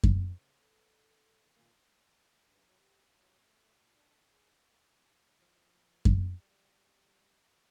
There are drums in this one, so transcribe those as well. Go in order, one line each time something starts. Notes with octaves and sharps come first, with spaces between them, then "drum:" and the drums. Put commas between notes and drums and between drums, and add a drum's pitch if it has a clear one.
drum: kick F#2
G3
C#3 B4 C#5
A4
A#2 D#3 A#3
G2
F#3
G4
F#3
A3
A#2
D4
G#4
F3
drum: kick F#2
A2
G3